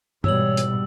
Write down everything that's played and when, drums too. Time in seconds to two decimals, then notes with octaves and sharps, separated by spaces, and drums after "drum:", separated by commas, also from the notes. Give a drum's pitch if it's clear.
0.24 G#2 B2 E3 G3 B3 C#5 E6 F#7, drum: tom
0.57 drum: hi-hat